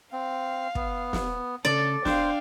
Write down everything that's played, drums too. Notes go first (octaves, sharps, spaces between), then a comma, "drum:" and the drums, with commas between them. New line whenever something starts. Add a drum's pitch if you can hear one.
C4 F5
B3, drum: kick
drum: snare
C#3 A4 D5
D4 C5 F5 G5, drum: snare